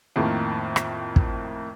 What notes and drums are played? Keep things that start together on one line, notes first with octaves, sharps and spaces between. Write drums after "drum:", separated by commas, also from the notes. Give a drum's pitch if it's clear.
F2 A2 D#3 A#3
drum: rim click
drum: kick